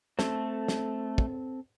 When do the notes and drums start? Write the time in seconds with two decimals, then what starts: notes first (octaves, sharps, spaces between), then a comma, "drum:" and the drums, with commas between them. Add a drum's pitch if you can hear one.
0.19 A3 C4 A4, drum: snare
0.68 drum: snare
1.18 drum: kick